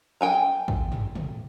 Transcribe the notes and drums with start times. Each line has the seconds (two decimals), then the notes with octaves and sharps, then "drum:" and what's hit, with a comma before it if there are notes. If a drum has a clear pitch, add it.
0.21 G5 G#5 A#5
0.68 drum: kick
0.92 drum: tom
1.15 drum: tom